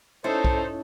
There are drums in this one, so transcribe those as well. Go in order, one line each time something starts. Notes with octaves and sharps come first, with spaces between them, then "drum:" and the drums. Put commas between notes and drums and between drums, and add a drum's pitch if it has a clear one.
A3 C#4 D#4 E4 A4 C5 C#5
drum: kick B1